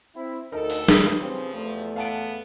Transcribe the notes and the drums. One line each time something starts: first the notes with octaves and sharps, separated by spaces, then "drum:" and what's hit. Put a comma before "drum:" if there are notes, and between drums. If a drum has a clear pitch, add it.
C4 E4
D2 D#4 A4 A#4
drum: open hi-hat
G4 B4 D#6, drum: snare
C#3 F3 C4
E2 A3
B3 F5 A5 D7